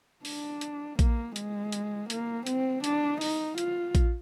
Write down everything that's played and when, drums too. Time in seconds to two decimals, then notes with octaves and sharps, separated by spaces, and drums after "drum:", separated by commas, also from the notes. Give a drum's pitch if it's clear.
0.25 D4, drum: open hi-hat
0.61 drum: hi-hat
0.99 A#3, drum: kick A#1, hi-hat
1.36 G#3, drum: hi-hat
1.72 drum: hi-hat
2.10 A#3, drum: hi-hat
2.46 C4, drum: hi-hat
2.84 D4, drum: hi-hat
3.21 D#4, drum: open hi-hat
3.58 F4, drum: hi-hat
3.95 drum: kick A#1, hi-hat